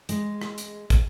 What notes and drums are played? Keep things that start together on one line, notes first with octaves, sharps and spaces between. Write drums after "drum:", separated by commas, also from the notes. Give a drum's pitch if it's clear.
G#3, drum: hi-hat
drum: rim click
drum: hi-hat
drum: kick, hi-hat